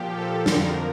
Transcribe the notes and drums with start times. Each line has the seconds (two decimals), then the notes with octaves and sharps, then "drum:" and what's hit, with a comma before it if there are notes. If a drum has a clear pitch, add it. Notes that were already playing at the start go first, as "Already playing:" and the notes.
Already playing: A#2 F3 G4
0.16 A4
0.46 F2 D3 F3 A#4, drum: snare